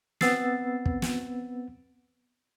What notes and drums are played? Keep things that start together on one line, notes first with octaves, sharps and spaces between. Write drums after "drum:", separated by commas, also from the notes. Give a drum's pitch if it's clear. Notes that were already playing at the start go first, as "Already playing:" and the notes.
B3 C4 E6 A6 C7, drum: snare
drum: kick
drum: snare